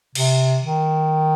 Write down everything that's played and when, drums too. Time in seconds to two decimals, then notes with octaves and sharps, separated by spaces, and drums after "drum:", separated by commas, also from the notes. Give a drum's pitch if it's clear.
0.15 C3, drum: cymbal
0.63 D#3